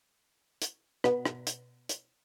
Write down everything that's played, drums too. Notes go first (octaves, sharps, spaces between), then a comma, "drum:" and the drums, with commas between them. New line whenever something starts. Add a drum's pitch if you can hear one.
drum: hi-hat
B2 B3, drum: rim click
drum: rim click
drum: hi-hat
drum: hi-hat